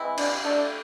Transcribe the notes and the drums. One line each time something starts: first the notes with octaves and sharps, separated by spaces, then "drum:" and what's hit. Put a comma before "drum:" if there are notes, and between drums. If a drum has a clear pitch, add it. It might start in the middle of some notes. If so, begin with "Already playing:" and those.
Already playing: E3 G#3 C4 E4
D4, drum: cymbal
A3 D4 E4 A4